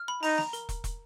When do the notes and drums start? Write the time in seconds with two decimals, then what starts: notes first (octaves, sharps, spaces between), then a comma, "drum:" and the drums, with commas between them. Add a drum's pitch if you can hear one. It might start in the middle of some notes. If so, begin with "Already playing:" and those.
Already playing: F6
0.08 B5
0.23 D#4 A#5, drum: open hi-hat
0.38 A#5, drum: snare
0.53 A#4, drum: hi-hat
0.69 drum: kick, hi-hat
0.84 drum: kick, hi-hat